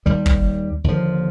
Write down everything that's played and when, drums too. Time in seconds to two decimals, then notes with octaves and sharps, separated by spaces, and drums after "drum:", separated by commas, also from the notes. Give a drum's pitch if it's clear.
0.06 D#2 D#3 G3
0.26 drum: kick
0.84 D#2 D3 F3